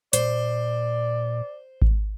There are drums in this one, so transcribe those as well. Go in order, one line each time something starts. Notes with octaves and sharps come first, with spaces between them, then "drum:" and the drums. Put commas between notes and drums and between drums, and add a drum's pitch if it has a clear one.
A#2 C5 D5, drum: hi-hat
drum: kick G#1